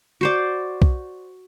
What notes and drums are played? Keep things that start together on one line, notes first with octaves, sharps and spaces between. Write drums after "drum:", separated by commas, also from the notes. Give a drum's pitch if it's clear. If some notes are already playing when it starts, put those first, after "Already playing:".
F#4 C5 D5
drum: kick B1